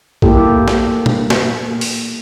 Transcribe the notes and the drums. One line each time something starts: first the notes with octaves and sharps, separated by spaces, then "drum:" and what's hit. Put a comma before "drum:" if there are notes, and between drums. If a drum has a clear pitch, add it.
A#3 E4 G4 A4, drum: kick
drum: snare
drum: tom
drum: snare
drum: open hi-hat